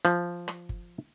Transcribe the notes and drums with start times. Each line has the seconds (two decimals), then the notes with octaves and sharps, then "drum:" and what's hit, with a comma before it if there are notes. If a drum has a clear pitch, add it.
0.05 F3, drum: rim click
0.48 drum: rim click
0.69 drum: kick G1